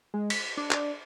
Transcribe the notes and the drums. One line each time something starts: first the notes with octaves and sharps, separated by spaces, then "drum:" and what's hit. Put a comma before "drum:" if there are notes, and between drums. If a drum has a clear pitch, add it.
G#3
B6, drum: cymbal
D4
drum: clap